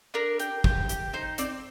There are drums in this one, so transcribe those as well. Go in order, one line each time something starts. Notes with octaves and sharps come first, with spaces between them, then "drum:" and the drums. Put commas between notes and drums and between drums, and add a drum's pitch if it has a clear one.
D4 A#4
G4, drum: hi-hat
G4, drum: kick
G4, drum: hi-hat
D#4 C5
C4 D5, drum: hi-hat